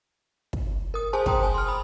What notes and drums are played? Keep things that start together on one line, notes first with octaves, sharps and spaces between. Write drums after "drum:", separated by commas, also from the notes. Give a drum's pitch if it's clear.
drum: kick
A#4 D#6
G#4 C5 G#5 A5 C6
G#4 C5 G5 A#5 C6 D#6, drum: kick
G#5 A5
C6 F6
B5 D#6